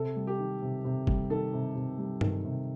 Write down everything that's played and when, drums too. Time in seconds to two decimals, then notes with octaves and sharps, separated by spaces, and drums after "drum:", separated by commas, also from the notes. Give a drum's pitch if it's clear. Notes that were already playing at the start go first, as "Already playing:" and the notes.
Already playing: C3 A4
0.16 G3
0.27 G4
0.39 D#3
0.62 C3
0.85 C3
1.07 G3, drum: kick
1.30 D#3 A4
1.53 C3
1.76 C3
1.99 G3
2.21 D#3, drum: tom G2
2.44 C3